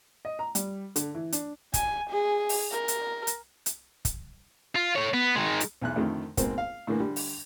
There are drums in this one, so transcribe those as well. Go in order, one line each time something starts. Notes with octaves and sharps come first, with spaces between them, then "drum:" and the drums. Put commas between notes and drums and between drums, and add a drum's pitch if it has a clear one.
D#5
A#5
G3, drum: hi-hat
D3, drum: hi-hat
E3
D4, drum: hi-hat
G#5, drum: kick, hi-hat
G#4
drum: open hi-hat
A#4
drum: hi-hat
drum: hi-hat
drum: hi-hat
drum: kick, hi-hat
F4
A3 C#5
B3
D#3 G#3
drum: hi-hat
B1 E2 F#6
F2 D3 D#3 A3
G#2 B2 A#3 C4, drum: kick, hi-hat
F5
A2 D3 E3 A#3
D3 G3
drum: open hi-hat